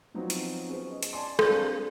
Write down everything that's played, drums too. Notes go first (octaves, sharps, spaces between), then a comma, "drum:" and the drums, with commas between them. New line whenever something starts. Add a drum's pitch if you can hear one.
F3 F#3 B3 C4 D#4 F4
drum: hi-hat
C#4 G#4 B4 C5
D#5
drum: hi-hat
D5 G#5 A5 C6
C4 D4 G#4 A#4 D5 F5, drum: rim click